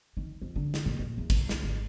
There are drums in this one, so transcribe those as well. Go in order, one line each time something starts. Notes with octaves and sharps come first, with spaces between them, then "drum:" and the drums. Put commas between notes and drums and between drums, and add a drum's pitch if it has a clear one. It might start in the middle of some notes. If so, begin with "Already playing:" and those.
D#3
F2
D3
drum: snare
A#2
A#2
E2
B1, drum: kick, cymbal
D3, drum: snare
G#1